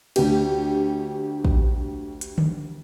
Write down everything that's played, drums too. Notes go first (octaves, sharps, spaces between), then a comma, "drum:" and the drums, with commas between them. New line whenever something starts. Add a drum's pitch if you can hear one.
D2 G4, drum: cymbal
drum: kick
drum: hi-hat
drum: tom D3